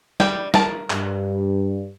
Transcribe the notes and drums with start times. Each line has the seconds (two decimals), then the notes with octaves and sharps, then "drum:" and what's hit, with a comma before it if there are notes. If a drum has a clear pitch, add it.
0.20 G3 G5, drum: snare
0.54 A#4 A5, drum: snare
0.90 G2, drum: clap